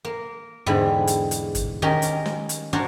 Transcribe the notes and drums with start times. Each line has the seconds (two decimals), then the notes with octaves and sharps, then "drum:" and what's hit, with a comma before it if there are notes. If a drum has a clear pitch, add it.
0.05 A#3
0.66 E2 G#2 D3 E3 G3 B5
1.07 drum: hi-hat
1.31 drum: hi-hat
1.55 drum: kick, hi-hat
1.82 D#3 C#4 D#4 G4 A#4
2.02 drum: hi-hat
2.26 drum: snare
2.49 drum: hi-hat
2.73 C#4 D4 F#4 A#4 C5 C#5